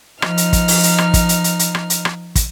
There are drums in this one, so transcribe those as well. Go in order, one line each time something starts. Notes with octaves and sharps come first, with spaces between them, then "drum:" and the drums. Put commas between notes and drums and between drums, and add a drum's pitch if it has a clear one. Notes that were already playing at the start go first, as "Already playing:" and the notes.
F3 D#4 F6, drum: rim click
drum: hi-hat
drum: kick, hi-hat
drum: open hi-hat
drum: hi-hat
drum: rim click
drum: kick, hi-hat
drum: hi-hat
drum: hi-hat
drum: hi-hat
drum: rim click
drum: hi-hat
drum: rim click
drum: kick, hi-hat